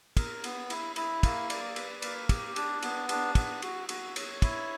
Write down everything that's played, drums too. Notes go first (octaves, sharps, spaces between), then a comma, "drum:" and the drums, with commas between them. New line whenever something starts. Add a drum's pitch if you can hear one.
A#4, drum: kick, cymbal
B3, drum: cymbal
E4, drum: cymbal
E4, drum: cymbal
A#3, drum: kick, cymbal
D5, drum: cymbal
B4, drum: cymbal
A#3, drum: cymbal
G4, drum: kick, cymbal
D4, drum: cymbal
B3, drum: cymbal
D4, drum: cymbal
B3, drum: kick, cymbal
F#4, drum: cymbal
F#4, drum: cymbal
C#5, drum: cymbal
E4, drum: kick, cymbal